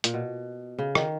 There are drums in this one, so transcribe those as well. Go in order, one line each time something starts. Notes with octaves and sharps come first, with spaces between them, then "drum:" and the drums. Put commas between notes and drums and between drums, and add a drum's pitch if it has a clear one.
A#2, drum: hi-hat
B2
C#3
D#3, drum: rim click